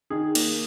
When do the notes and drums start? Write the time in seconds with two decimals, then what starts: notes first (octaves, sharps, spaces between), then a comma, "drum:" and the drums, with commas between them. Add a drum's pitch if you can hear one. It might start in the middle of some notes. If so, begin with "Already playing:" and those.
0.10 D#3 G#4
0.35 A#3, drum: cymbal